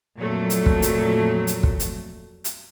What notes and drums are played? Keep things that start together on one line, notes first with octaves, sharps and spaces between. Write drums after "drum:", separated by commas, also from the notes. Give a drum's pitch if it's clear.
F2 A#2 F#3 A3
drum: hi-hat
drum: kick
drum: hi-hat
drum: hi-hat
drum: kick
drum: hi-hat
drum: hi-hat